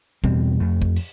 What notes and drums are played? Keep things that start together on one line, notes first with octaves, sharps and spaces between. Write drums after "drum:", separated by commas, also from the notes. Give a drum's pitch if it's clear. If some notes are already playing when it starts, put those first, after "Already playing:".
E2 B2 G3 C4, drum: kick
F2 A3
drum: kick
drum: open hi-hat